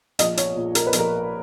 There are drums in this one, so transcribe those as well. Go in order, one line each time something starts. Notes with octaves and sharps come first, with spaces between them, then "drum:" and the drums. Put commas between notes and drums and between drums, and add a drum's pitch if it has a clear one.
A#1 D#5, drum: hi-hat
C#5, drum: hi-hat
A#2
A#4, drum: hi-hat
B4
A#1, drum: hi-hat
A#4